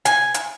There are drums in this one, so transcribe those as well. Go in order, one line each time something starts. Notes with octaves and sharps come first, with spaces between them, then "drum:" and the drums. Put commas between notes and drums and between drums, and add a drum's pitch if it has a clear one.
G#5, drum: hi-hat
drum: hi-hat